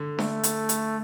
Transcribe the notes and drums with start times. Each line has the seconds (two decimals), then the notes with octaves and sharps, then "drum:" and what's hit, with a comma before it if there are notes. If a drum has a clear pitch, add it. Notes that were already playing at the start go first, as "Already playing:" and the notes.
Already playing: D3
0.19 A3, drum: snare D4
0.43 drum: hi-hat
0.69 drum: hi-hat